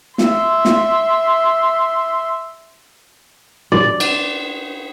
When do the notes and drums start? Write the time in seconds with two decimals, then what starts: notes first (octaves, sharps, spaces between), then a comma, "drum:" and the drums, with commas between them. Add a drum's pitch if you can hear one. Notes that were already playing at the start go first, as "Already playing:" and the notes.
0.18 E5 C6, drum: snare
0.65 drum: snare
3.72 D5
4.00 drum: cymbal